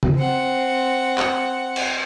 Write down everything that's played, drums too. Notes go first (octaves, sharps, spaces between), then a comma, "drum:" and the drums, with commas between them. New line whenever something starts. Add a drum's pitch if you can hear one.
drum: tom
C4 F#5
drum: clap
drum: cymbal